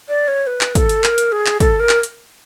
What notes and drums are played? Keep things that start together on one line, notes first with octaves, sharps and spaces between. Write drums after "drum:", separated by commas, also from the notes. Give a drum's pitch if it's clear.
D5
C#5
B4
drum: clap
A4, drum: kick, hi-hat
drum: hi-hat
A#4, drum: clap
drum: hi-hat
G#4
drum: clap
A4, drum: kick, hi-hat
A#4
drum: clap
drum: hi-hat